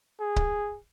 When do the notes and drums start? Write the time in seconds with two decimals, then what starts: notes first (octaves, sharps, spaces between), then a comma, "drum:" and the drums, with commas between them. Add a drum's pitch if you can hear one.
0.20 G#4
0.36 drum: kick C#1